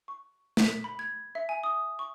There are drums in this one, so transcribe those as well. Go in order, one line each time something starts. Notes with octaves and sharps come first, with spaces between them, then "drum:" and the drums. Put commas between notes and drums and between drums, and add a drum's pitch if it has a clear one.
C#6
B6, drum: snare
B5
G#6
E5
G#5
D#6
C#6